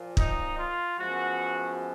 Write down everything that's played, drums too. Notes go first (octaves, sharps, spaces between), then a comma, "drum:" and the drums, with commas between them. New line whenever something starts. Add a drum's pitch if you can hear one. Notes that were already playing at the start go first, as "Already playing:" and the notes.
Already playing: A#2 F3 A#3
D#4, drum: kick
F4
F#2 F3 G#3 B3 F#4